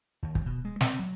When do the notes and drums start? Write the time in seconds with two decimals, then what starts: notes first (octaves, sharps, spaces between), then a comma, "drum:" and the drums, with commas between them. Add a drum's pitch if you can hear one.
0.23 D#2
0.35 drum: kick
0.46 B2
0.65 G#3
0.81 C4, drum: snare
0.99 F#3